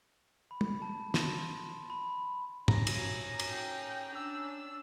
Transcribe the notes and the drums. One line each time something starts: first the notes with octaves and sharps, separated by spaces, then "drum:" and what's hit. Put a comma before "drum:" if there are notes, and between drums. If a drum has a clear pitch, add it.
B5
drum: tom
A5
C6, drum: snare
B5
C#4 A#5, drum: tom
drum: cymbal
drum: cymbal
G5
D4 E6